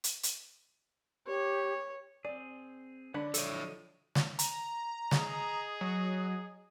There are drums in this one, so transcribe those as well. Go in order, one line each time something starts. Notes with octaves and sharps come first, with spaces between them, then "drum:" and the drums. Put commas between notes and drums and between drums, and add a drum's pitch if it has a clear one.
drum: hi-hat
drum: hi-hat
G4 C#5
C4 G#4 D5
D3 D4 B4 C#5 B5
F3 F#3 A4 C#5 D#5, drum: hi-hat
drum: snare
A#5, drum: hi-hat
G#4 D#5, drum: snare
F#3